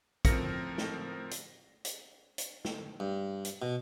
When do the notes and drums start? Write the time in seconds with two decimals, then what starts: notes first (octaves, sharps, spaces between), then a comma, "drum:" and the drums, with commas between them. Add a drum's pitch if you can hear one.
0.25 A2 F3 C4 A#4 A#6 C#7, drum: kick, hi-hat
0.78 drum: snare
1.31 drum: hi-hat
1.85 drum: hi-hat
2.38 drum: hi-hat
2.65 drum: snare
3.00 G2
3.45 drum: hi-hat
3.62 B2